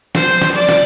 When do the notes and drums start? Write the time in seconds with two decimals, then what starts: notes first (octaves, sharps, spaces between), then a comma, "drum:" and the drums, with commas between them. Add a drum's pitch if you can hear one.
0.15 C5, drum: snare
0.42 drum: snare
0.55 D5
0.69 drum: snare